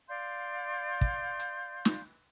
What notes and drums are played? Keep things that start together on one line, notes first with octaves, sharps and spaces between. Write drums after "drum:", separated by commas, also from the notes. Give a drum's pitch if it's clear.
D5 F5 C6 G6
drum: kick
drum: hi-hat
drum: snare